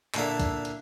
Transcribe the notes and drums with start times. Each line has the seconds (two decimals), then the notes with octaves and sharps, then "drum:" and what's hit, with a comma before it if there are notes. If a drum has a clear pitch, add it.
0.14 A#2 D3 A#3 E4 A4, drum: clap
0.40 drum: kick, hi-hat
0.65 drum: hi-hat